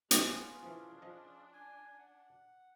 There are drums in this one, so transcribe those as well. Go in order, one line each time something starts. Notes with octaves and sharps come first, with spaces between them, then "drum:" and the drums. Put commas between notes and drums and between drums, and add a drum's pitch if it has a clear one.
B3 C#4 F4 G#4, drum: hi-hat
E3 F3 D4
F3 D#5
G#5
F#5